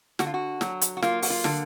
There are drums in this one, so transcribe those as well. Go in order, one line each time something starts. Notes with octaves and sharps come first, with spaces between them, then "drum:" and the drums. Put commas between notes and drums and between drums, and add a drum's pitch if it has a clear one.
D3 F#4, drum: snare
F4
F#4
F#3, drum: snare
drum: hi-hat
F#4
A#3 F4, drum: snare
F#4, drum: open hi-hat
F4
D3, drum: snare